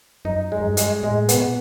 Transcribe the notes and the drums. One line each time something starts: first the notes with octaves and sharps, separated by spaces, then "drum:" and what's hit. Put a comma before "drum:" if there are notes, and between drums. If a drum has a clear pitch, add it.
F#2 D#4
G#3
F#2
G2
G#3, drum: hi-hat
A2 G#3
B3, drum: hi-hat
B2
A#2